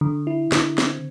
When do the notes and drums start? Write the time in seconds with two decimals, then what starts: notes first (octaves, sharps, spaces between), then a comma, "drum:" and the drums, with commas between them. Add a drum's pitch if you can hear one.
0.01 D3
0.27 E4
0.52 D3, drum: snare
0.78 C4, drum: snare